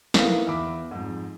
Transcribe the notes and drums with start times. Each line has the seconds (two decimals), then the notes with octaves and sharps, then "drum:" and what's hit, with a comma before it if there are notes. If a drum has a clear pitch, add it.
0.14 A#3 B3 D#4 E4 A4 F5, drum: snare
0.47 E2 E5 B5 D6
0.91 F2 G#2